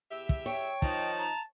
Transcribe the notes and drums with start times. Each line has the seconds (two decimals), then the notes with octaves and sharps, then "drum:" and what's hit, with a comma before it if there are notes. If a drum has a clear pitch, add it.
0.11 E2 G4 E5
0.29 drum: kick
0.46 C#5 G5
0.82 D#3 F3 D#4 A5, drum: kick
1.18 A#5